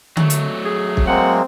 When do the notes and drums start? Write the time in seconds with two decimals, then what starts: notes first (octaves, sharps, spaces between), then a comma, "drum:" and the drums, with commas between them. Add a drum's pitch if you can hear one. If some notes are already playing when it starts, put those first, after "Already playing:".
0.17 F#3 A3, drum: tom D3
0.30 drum: hi-hat
0.65 G#4
0.97 drum: kick
1.07 G#3 A#3 C4 F#5